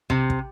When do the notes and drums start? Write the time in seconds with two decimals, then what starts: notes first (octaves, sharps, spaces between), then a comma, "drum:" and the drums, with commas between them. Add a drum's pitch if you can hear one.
0.10 C3, drum: kick
0.30 drum: kick